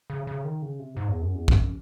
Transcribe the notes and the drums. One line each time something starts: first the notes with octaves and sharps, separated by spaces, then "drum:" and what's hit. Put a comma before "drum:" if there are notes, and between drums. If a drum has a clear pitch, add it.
C#3
C#3
D#3
C#3
C3
G#2
E2
F#2
E2
F#2, drum: kick